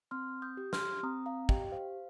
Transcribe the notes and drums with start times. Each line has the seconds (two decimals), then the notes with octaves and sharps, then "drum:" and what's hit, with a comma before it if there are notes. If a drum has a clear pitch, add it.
0.11 C4 C6 F6
0.42 D#6 G6
0.57 G4
0.73 C6 F6, drum: snare
1.03 C4 A#5 D#6
1.26 F5 A#5
1.49 G4 D#5 G5, drum: kick
1.72 C5 F5